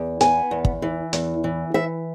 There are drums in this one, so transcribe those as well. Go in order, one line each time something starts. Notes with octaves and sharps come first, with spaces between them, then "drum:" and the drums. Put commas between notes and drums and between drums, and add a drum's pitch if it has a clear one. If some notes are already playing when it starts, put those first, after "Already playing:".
Already playing: E2
B3 G#5, drum: hi-hat
E2
drum: kick
E3
E2, drum: hi-hat
E3
E3 E5